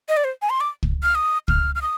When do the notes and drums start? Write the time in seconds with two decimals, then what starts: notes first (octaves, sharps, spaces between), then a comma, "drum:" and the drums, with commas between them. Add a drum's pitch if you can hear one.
0.09 D#5
0.17 D5
0.24 C5
0.42 G#5
0.50 C6
0.61 D6
0.83 drum: kick
1.03 F6
1.15 D#6
1.48 F6, drum: kick
1.75 F6
1.82 D#6